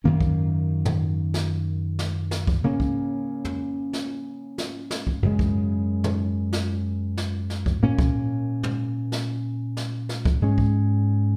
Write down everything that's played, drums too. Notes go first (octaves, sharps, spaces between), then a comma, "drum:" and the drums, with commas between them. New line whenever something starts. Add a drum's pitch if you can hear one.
F#2 D#3 A#3 C#4
drum: kick C2
drum: tom
drum: snare
drum: snare
drum: snare
drum: kick C2
C#3 A#3 C#4
drum: kick C2
drum: tom
drum: snare
drum: snare
drum: snare
drum: kick C2
F#2 C#3 G#3
drum: kick C2
drum: tom
drum: snare
drum: snare
drum: snare
drum: kick C2
A#2 A#3 C#4
drum: kick C2
drum: tom
drum: snare
drum: snare
drum: snare
drum: kick C2
G#2 G#3 C#4
drum: kick C2